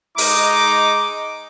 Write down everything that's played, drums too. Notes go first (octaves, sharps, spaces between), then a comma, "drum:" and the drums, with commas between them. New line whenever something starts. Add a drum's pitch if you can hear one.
G#3 D#4 A#5 D6, drum: open hi-hat